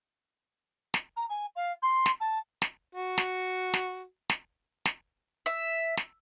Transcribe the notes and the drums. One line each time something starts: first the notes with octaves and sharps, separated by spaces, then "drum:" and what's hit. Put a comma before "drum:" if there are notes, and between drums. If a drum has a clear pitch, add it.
drum: snare
A#5
G#5
F5
C6
drum: snare
A5
drum: snare
F#4
drum: snare
drum: snare
drum: snare
drum: snare
E5
drum: snare